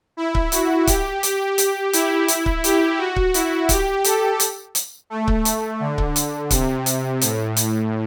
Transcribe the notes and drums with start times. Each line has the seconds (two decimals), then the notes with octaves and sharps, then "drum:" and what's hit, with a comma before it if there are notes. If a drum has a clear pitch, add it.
0.17 E4
0.35 drum: kick C#1
0.52 F#4, drum: hi-hat
0.87 G4, drum: kick C#1, hi-hat
1.23 G4, drum: hi-hat
1.58 drum: hi-hat
1.93 E4, drum: hi-hat
2.28 drum: hi-hat
2.46 drum: kick C#1
2.64 G4, drum: hi-hat
2.98 F#4
3.16 drum: kick C#1
3.34 E4, drum: hi-hat
3.69 G4, drum: kick C#1, hi-hat
4.04 A4, drum: hi-hat
4.40 drum: hi-hat
4.75 drum: hi-hat
5.10 A3
5.28 drum: kick C#1
5.45 drum: hi-hat
5.80 D3
5.98 drum: kick C#1
6.16 drum: hi-hat
6.51 C3, drum: kick C#1, hi-hat
6.86 drum: hi-hat
7.21 A2, drum: hi-hat
7.57 drum: hi-hat